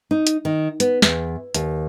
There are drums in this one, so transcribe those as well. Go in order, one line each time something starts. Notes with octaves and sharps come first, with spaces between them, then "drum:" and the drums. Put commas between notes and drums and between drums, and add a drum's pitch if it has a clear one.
D#4
drum: hi-hat
D#3
B3, drum: hi-hat
E2, drum: snare
D#2, drum: hi-hat